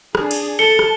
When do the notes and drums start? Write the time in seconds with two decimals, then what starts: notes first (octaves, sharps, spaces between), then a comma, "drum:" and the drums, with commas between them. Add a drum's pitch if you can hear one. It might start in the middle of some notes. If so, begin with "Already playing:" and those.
0.15 D4 G#4, drum: rim click
0.31 drum: cymbal
0.59 A3 A5 C#7 G7
0.79 drum: rim click